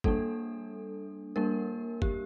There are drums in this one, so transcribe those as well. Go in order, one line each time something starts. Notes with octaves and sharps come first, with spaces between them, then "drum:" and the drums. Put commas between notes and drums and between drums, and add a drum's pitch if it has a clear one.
G3 A#3 D4 A4, drum: kick
G3 A#3 D4 A#4
G4, drum: kick